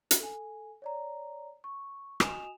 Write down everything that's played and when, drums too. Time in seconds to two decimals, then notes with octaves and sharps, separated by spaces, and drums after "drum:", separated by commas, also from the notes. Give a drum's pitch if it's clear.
0.11 drum: hi-hat
0.20 A4 G#5
0.82 C#5 D5 A#5
1.64 C#6
2.20 F#4 D#5 G#5 D#6 E7 F7, drum: rim click